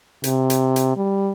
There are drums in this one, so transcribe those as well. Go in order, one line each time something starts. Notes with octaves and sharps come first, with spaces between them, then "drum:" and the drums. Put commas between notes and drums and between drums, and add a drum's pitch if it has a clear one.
C3, drum: hi-hat
drum: hi-hat
drum: hi-hat
G3